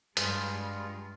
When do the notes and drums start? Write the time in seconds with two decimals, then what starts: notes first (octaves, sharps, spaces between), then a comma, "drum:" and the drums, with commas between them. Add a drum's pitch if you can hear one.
0.17 G2 G3 G#3 F4 G#4, drum: hi-hat